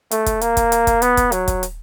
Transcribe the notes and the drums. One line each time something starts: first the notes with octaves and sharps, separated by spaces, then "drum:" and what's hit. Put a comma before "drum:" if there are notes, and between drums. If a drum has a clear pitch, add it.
A3, drum: hi-hat
drum: kick, hi-hat
A#3, drum: hi-hat
drum: kick, hi-hat
drum: hi-hat
drum: kick, hi-hat
B3, drum: hi-hat
drum: kick, hi-hat
F#3, drum: hi-hat
drum: kick, hi-hat
drum: hi-hat